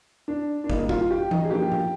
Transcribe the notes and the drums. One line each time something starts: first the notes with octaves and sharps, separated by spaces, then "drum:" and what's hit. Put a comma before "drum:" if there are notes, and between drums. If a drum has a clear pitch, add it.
D4
D4
G#1 G#2 G3 A#3 D#4, drum: kick
F4, drum: kick
G4
D#4, drum: tom E3
G#4
G2 F3 A#3 G4
drum: tom A2